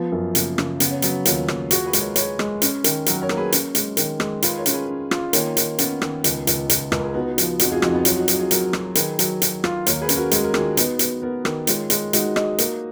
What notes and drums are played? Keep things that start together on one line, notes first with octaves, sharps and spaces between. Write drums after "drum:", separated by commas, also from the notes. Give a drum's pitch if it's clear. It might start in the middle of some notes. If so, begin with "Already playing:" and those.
Already playing: F3 B3
F#2
C#3 A#3, drum: hi-hat
C#3, drum: rim click
C#3 B3, drum: hi-hat
C#4
F#3 B3, drum: hi-hat
D#2 C#4 F4, drum: hi-hat
D#2, drum: rim click
F4 F#4 G#4, drum: hi-hat
G#4 B4
G#3, drum: hi-hat
A#4 C#5
G#4 B4 C#5, drum: hi-hat
G#3, drum: rim click
C#4, drum: hi-hat
D#3, drum: hi-hat
F#3 F#4 A#4, drum: hi-hat
A#4 C#5
A#3, drum: rim click
G#4 B4
C#4, drum: hi-hat
G#3, drum: hi-hat
D#3, drum: hi-hat
G#3, drum: rim click
F4 G#4 B4, drum: hi-hat
A#4 C#5
C#4, drum: hi-hat
G#4 B4
C#4
F4, drum: rim click
D#3 A#3 C#4, drum: hi-hat
D#3, drum: hi-hat
B3 C#4, drum: hi-hat
D#3, drum: rim click
C#2, drum: hi-hat
C#2, drum: hi-hat
C#2, drum: hi-hat
C#2 A#4, drum: rim click
G#4
B3 D#4 F#4
F3, drum: hi-hat
F2 D#4 F#4, drum: hi-hat
F4 G#4
F2 D#4 F#4, drum: rim click
B3
F#3 C#4 F4, drum: hi-hat
D#4 F#4
F#3 D#4 F#4, drum: hi-hat
F4 G#4
F#3 F#4 A#4, drum: hi-hat
F#3, drum: rim click
D#3 G#4 B4, drum: hi-hat
F#3, drum: hi-hat
F#3, drum: hi-hat
F4, drum: rim click
D#2 A#4 C#5, drum: hi-hat
G#4 B4
C#4, drum: hi-hat
F#4 A#4
G#3 G#4, drum: hi-hat
A#4
D#3 F4 G#4, drum: rim click
B3 D#4 F#4, drum: hi-hat
B3, drum: hi-hat
B3 F#4 A#4
D#3, drum: rim click
G#3 C#4 F4, drum: hi-hat
G#3, drum: hi-hat
G#3 D#4 F#4, drum: hi-hat
D#5, drum: rim click
A#3, drum: hi-hat